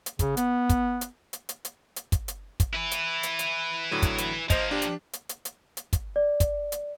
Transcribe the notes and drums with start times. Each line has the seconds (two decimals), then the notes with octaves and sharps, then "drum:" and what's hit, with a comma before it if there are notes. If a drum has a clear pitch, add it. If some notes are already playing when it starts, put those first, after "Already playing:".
0.06 drum: hi-hat
0.19 C#3, drum: kick, hi-hat
0.37 B3, drum: hi-hat
0.69 drum: kick, hi-hat
1.01 drum: hi-hat
1.33 drum: hi-hat
1.49 drum: hi-hat
1.65 drum: hi-hat
1.96 drum: hi-hat
2.12 drum: kick, hi-hat
2.28 drum: hi-hat
2.60 drum: kick, hi-hat
2.73 E4 B4
2.91 drum: hi-hat
3.23 drum: hi-hat
3.39 drum: hi-hat
3.91 A2 D3 F#3
4.02 drum: kick, hi-hat
4.18 drum: hi-hat
4.50 F3 A#3 C5 D#5, drum: kick, hi-hat
4.71 D4 G4
4.82 drum: hi-hat
5.13 drum: hi-hat
5.29 drum: hi-hat
5.45 drum: hi-hat
5.77 drum: hi-hat
5.93 drum: kick, hi-hat
6.16 D5
6.40 drum: kick, hi-hat
6.72 drum: hi-hat